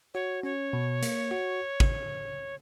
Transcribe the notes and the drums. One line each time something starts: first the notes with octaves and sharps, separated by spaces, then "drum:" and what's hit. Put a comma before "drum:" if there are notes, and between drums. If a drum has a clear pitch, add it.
F#4 C#5
C#4 C#5
B2
A#3, drum: hi-hat
F#4
drum: kick